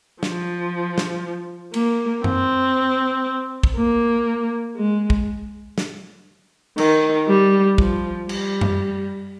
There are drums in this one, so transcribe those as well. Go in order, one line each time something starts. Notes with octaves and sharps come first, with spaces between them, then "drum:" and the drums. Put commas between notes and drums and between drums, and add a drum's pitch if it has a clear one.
F3, drum: snare
drum: snare
A#3, drum: cymbal
C4, drum: tom F#2
drum: kick
A#3
G#3
drum: kick
drum: snare
D#3, drum: cymbal
G3
F3, drum: kick
G3, drum: cymbal
drum: tom F#2